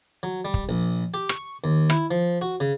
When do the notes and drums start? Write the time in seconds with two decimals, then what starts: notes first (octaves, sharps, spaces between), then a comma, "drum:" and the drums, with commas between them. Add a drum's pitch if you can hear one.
0.23 F#3
0.45 G3
0.54 drum: kick
0.69 A#1
1.14 G4
1.29 C#6, drum: rim click
1.64 D#2
1.90 E4, drum: rim click
2.11 F3
2.42 F#4
2.60 C#3